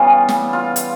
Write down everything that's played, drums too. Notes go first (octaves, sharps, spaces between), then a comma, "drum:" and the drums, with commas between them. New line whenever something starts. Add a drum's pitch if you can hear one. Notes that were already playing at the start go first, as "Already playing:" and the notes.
Already playing: C#3 E3 G3 B3 F4
drum: snare
F4
drum: hi-hat